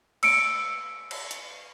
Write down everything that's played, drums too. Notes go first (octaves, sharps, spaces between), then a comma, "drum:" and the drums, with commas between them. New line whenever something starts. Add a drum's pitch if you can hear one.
E6 C#7 D7, drum: cymbal
drum: cymbal
drum: hi-hat